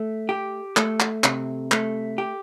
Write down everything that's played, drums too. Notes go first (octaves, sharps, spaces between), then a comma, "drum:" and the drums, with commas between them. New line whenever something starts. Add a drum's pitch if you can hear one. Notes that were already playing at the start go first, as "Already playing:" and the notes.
Already playing: A3
G4
A3, drum: clap
drum: clap
C3, drum: clap
A3, drum: clap
G4